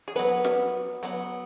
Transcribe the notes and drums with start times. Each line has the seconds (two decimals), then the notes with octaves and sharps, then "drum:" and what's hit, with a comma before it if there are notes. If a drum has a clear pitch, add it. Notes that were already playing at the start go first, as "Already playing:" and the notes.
0.08 G#4
0.16 F#3 B3 B4, drum: hi-hat
0.45 drum: snare
1.03 F#3 B3, drum: hi-hat